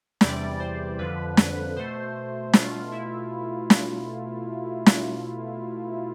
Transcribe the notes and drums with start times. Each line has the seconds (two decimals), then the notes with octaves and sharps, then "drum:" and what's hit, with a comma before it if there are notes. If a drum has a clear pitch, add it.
0.21 E2 C3 E3 G3 D5, drum: snare
0.60 C5
0.98 F2 D3 F3 B4
1.37 B4, drum: snare
1.76 B2 A3 C5
2.53 B2 A3 F4, drum: snare
2.92 E4
3.70 drum: snare
4.86 drum: snare